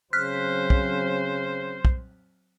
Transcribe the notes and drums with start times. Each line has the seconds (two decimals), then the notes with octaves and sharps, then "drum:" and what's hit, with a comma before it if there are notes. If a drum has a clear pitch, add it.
0.13 C#3 F#3 C4 C5 F6 F#6 B6
0.70 drum: kick
1.85 drum: kick